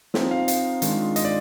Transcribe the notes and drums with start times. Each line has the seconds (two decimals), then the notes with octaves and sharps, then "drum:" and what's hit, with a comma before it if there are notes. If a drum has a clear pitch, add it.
0.14 F3 C4 D#4, drum: snare
0.31 F5
0.48 F5, drum: hi-hat
0.82 D#3 G#3 D4 F4, drum: hi-hat
1.16 D#5, drum: hi-hat
1.25 D5